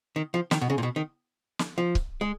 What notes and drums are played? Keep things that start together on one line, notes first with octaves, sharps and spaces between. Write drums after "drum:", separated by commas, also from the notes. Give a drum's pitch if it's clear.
D#3
F3
D#3, drum: snare
B2
C#3
A#2
B2
D#3
drum: snare
F3
drum: kick C#1
G#3